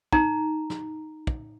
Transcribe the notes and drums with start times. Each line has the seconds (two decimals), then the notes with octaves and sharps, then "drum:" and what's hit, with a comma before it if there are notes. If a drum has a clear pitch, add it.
0.12 D#4 A#5, drum: kick
0.70 drum: snare
1.27 drum: kick